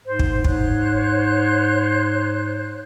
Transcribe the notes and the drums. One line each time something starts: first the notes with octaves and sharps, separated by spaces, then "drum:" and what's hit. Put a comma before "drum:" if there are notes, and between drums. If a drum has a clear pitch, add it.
G#2 C5
drum: kick
G#2 C5 C#5 F#6, drum: kick